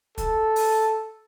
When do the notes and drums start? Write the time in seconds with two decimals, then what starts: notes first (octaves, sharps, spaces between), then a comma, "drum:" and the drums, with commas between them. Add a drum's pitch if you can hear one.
0.18 A4, drum: kick, hi-hat
0.56 drum: open hi-hat